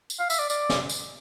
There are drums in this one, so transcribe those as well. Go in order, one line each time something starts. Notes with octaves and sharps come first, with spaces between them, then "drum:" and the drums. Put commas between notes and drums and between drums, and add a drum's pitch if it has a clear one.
drum: tambourine
F5
E5, drum: tambourine
D5
D5, drum: tambourine
drum: snare
drum: tambourine